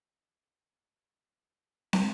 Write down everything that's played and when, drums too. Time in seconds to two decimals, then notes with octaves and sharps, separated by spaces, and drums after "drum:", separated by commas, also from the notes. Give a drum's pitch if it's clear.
0.11 D3 E3
1.93 drum: snare